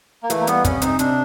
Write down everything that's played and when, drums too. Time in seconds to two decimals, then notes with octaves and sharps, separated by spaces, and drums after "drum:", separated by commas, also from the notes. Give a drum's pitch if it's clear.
0.23 A#3
0.30 E3 A3, drum: hi-hat
0.41 A#3
0.47 G3 B3, drum: hi-hat
0.65 C3 C#4, drum: kick, hi-hat
0.82 C4 D#4, drum: hi-hat
0.99 C3 D4, drum: hi-hat